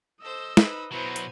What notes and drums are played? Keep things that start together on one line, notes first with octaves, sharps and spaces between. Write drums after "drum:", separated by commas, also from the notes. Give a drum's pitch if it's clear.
A4 C5 D#5 E6
D#4 B4 C5 B5, drum: snare
B2 F#3 B3 E4 B4 C5 G#5 A#5
drum: hi-hat